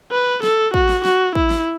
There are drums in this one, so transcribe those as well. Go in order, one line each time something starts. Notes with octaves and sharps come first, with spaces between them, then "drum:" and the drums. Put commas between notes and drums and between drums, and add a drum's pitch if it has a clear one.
B4
A4, drum: snare
F#4, drum: kick
drum: snare
F#4, drum: snare
E4, drum: kick
drum: snare